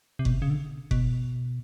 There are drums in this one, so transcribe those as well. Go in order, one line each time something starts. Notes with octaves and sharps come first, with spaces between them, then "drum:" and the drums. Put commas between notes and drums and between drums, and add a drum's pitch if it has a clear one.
C3
B2, drum: kick F#1
C3
C#3
D3
B2, drum: kick F#1